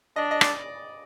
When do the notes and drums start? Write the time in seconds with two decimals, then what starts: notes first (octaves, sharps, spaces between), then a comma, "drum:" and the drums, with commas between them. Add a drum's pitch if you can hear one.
0.16 D4 D#5
0.31 D#5
0.41 D5, drum: rim click